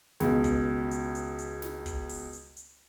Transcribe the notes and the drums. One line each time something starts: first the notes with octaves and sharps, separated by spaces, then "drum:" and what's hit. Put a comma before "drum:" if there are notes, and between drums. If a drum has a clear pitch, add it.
C#2 B2, drum: snare
drum: kick, hi-hat
drum: hi-hat
drum: hi-hat
drum: hi-hat
drum: snare
drum: kick, hi-hat
drum: open hi-hat
drum: hi-hat
drum: hi-hat